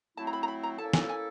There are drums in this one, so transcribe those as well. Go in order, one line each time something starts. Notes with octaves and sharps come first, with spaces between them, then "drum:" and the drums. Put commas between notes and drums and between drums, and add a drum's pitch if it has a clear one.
F#3 A3 C4 E4 A5
A#5
B5
A#5
B5
A#5
A#3 C#4 E4 A4 A5
G#5, drum: snare
G#5